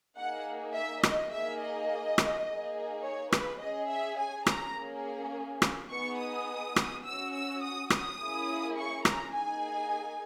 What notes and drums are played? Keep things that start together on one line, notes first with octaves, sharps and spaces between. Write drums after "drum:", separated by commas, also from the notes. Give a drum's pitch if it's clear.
A#3 D#4 G#4 F#5
E5
D#5, drum: rim click
A#3 D#4 G#4 E5
D#5
drum: rim click
A#3 D#4 G#4
C#5
B4, drum: rim click
C#4 G#4 D#5
E5
G#5
A#5, drum: rim click
A#3 C#4 G#4
drum: rim click
B3 D#4 G#4 C#6
D#6
drum: rim click
C#4 F#4 E6
E6
D#6
D#6, drum: rim click
A#3 C#4 E4 G#4
C#6
A#5, drum: rim click
A#3 D#4 G#4 G#5